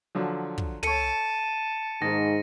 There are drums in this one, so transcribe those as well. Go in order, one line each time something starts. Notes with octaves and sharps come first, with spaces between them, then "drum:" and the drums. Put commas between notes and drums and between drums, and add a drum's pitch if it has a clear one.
D3 F3 F#3
drum: kick
A4 C#5 A5 C#7 D#7, drum: tom
G#2 D#3 A#6